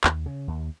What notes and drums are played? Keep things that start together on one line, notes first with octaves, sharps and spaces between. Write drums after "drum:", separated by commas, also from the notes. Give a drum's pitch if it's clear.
D#2, drum: clap
C#3
D#2